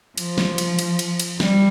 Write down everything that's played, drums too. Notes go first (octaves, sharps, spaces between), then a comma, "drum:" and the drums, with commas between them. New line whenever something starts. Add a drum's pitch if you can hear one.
F3, drum: cymbal
drum: snare
drum: cymbal
drum: cymbal
drum: cymbal
drum: cymbal
G3, drum: snare